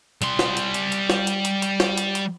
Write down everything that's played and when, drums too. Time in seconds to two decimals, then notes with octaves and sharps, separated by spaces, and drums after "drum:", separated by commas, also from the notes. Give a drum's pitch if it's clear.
0.22 G3 C6, drum: hi-hat
0.39 drum: snare
0.57 drum: hi-hat
0.74 drum: hi-hat
0.92 drum: hi-hat
1.10 drum: snare
1.27 drum: hi-hat
1.45 drum: hi-hat
1.62 drum: hi-hat
1.80 drum: snare
1.97 drum: hi-hat
2.15 drum: hi-hat